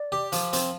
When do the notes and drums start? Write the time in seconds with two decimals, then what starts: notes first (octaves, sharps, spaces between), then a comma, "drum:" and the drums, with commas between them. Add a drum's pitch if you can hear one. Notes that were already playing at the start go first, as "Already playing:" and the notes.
Already playing: D5
0.12 G4
0.32 F3, drum: hi-hat
0.53 C4, drum: hi-hat